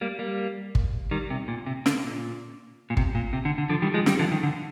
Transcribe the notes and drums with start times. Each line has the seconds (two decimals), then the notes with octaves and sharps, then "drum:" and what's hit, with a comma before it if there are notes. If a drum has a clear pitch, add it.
0.01 G3 A#3
0.19 G3 A#3
0.75 drum: kick
1.11 D#3 G3
1.30 C3
1.48 A#2
1.66 C3
1.86 D3, drum: snare
2.04 A#2
2.90 A#2
2.97 C3, drum: kick
3.15 A#2
3.33 C3
3.45 D3
3.58 D3
3.69 D3 F3
3.82 D#3 G3
3.94 F3 G#3
4.06 D#3 G3, drum: snare
4.19 D3 F3
4.32 D#3
4.43 D3